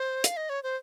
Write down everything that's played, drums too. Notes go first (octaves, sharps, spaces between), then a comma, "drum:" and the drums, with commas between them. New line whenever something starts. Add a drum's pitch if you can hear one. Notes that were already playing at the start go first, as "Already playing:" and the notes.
Already playing: C5
F5, drum: hi-hat
D#5
C#5
C5